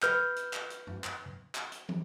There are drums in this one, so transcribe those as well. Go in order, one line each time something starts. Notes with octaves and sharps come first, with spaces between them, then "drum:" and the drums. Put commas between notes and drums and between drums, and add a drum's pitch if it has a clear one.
B4 F6 G6, drum: clap
drum: hi-hat
drum: clap
drum: hi-hat
drum: tom F#2
drum: clap
drum: clap
drum: hi-hat
drum: tom